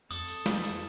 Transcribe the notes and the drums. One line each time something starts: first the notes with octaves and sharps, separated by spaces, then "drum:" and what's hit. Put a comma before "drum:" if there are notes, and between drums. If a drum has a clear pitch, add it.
F2 A4 D#6, drum: tambourine
drum: tambourine
drum: snare
drum: tambourine